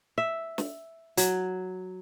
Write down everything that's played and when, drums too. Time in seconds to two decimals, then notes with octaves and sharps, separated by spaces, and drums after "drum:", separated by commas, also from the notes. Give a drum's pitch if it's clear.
0.18 E5
0.58 drum: snare
1.17 F#3, drum: hi-hat